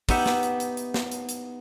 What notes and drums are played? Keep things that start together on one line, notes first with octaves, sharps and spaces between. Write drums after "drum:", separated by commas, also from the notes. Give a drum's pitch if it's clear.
B3 D#4 G4 E5 F#5, drum: kick, open hi-hat
drum: snare
drum: hi-hat
drum: hi-hat
drum: hi-hat
drum: snare
drum: hi-hat
drum: hi-hat